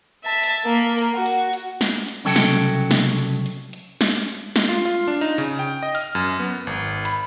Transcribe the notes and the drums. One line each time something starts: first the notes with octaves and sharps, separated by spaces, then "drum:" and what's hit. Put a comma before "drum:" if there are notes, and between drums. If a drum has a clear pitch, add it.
E5 A5
drum: hi-hat
A#3
drum: hi-hat
F#4
drum: hi-hat
drum: hi-hat
drum: snare
drum: hi-hat
C2 C#3 F#3 F#4 A4 G5
drum: snare
drum: hi-hat
drum: snare
drum: hi-hat
drum: hi-hat
drum: hi-hat
drum: snare
drum: hi-hat
drum: snare
F4
F4, drum: hi-hat
D4
D#4
C#3, drum: hi-hat
G5
D#5
F6, drum: hi-hat
F#2
B3
G#1
B5, drum: hi-hat